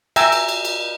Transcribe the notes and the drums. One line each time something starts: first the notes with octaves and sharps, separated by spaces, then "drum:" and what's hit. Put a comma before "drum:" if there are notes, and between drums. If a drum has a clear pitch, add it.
E5 G5 G#5 A#5 E6, drum: cymbal
drum: cymbal
drum: cymbal
drum: cymbal